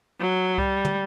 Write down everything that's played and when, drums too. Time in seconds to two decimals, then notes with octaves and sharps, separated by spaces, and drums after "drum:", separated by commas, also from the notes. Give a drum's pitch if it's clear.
0.20 F#3
0.58 G3, drum: kick C2
0.85 drum: tom